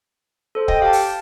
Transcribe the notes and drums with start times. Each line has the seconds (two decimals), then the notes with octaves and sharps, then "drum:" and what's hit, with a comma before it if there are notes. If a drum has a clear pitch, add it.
0.55 A4 C5
0.68 D#5 G5, drum: kick
0.82 G4 F5 A5
0.93 drum: open hi-hat